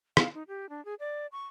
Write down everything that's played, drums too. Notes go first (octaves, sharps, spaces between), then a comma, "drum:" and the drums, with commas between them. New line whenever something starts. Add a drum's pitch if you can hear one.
F5, drum: rim click
D#4
G4
D4
G#4
D5
C#6